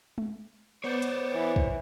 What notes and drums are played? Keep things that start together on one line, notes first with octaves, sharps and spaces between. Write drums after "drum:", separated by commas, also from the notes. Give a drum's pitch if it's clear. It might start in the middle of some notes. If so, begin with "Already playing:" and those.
drum: tom G#3
B3 C5 C#5 D6 A6
drum: hi-hat
E3
drum: kick